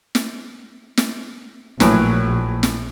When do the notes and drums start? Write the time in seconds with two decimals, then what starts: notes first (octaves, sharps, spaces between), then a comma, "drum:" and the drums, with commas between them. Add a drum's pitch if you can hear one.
0.15 drum: snare
0.97 drum: snare
1.80 A#1 A2 E3 F#3, drum: snare
2.63 drum: snare